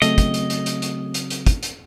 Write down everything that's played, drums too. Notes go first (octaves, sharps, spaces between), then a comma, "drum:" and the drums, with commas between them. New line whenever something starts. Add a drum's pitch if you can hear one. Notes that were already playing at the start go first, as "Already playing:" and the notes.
C#3 F#3 A3 C4 D#5, drum: hi-hat
drum: kick, hi-hat
drum: hi-hat
drum: hi-hat
drum: hi-hat
drum: hi-hat
drum: hi-hat
drum: hi-hat
drum: kick, hi-hat
drum: hi-hat